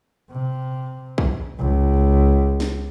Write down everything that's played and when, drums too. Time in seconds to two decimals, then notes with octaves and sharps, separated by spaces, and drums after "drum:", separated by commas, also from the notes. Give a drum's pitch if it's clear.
0.30 C3
1.18 drum: kick
1.59 C#2
2.60 drum: snare